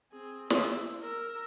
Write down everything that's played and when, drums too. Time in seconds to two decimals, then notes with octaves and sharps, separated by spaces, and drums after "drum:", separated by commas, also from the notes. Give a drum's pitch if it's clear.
0.12 C4 G#4
0.50 E6, drum: snare
1.01 A#4 E6